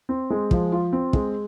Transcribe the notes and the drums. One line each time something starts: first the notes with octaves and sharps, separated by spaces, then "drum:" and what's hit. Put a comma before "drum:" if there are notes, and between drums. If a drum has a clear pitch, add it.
C4
G#3
F3, drum: kick
F4
C4
G#3, drum: kick